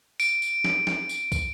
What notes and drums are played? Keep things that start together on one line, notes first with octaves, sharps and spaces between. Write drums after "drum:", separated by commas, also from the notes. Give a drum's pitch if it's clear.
D7, drum: tambourine
drum: tambourine
drum: snare
drum: snare
drum: tambourine
drum: kick, tambourine